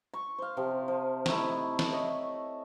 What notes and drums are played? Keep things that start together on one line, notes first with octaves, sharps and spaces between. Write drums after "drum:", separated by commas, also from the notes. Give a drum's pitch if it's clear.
C#6
C5 F5
C3 F3
F3
A3 D#4 E4, drum: snare
drum: snare
C#5 D#5 E5